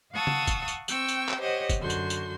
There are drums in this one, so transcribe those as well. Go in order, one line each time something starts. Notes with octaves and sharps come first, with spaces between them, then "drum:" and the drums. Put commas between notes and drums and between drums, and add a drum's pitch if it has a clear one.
F5 F#5 A5 C#6 D#6 E6
drum: tom C#3
drum: kick, tambourine
drum: tambourine
C4 G5 C#6 E6, drum: tambourine
drum: tambourine
drum: clap
G4 C5 C#5 D#5 F#5
drum: kick, tambourine
F#2 D3 F#4 C6 G6
drum: tambourine
drum: tambourine